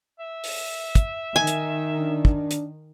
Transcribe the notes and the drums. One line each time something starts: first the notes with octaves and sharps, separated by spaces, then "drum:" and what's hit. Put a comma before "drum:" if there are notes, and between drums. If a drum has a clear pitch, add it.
E5
drum: open hi-hat
drum: kick, hi-hat
D#3 G#5
drum: hi-hat
D4
drum: kick
drum: hi-hat